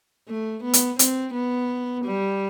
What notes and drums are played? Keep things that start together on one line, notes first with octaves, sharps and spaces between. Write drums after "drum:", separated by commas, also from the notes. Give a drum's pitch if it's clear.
A3
B3
drum: hi-hat
C4, drum: hi-hat
B3
G3